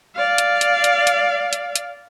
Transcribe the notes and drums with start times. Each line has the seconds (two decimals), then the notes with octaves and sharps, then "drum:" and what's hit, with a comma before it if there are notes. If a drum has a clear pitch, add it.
0.15 D5 F5
0.38 drum: hi-hat
0.61 drum: hi-hat
0.84 drum: hi-hat
1.07 drum: hi-hat
1.53 drum: hi-hat
1.76 drum: hi-hat